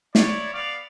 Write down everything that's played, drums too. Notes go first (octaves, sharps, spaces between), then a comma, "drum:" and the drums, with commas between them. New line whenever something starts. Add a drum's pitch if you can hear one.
E4 C#5 D5, drum: snare
B3 D5 F5